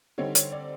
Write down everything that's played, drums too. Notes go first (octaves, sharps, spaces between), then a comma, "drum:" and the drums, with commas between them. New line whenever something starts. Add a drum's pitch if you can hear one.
D3 G3 C4 D#4 C#5
C#5, drum: hi-hat
D5